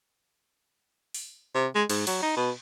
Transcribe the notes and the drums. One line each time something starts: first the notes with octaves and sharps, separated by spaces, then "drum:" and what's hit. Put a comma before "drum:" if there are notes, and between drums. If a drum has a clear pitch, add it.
drum: open hi-hat
C3
G#3
G#2, drum: cymbal
F#3, drum: cymbal
D#4
B2